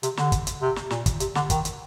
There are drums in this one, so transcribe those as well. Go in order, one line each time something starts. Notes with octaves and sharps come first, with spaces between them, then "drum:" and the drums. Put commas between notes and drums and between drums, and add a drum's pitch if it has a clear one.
C3, drum: hi-hat
D3, drum: snare
drum: kick, hi-hat
drum: hi-hat
C3
drum: snare
A#2, drum: snare
drum: kick, hi-hat
C3, drum: hi-hat
D3, drum: snare
D#3, drum: kick, hi-hat
drum: hi-hat